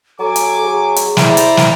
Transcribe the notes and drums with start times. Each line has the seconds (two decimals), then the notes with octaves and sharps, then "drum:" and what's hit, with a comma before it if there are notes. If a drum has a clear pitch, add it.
0.19 F#3 A4 G#5 D6
0.36 drum: hi-hat
0.64 F#3 G#4
0.96 drum: hi-hat
1.17 E4 C5 D5 A#5, drum: snare
1.37 drum: hi-hat
1.57 drum: snare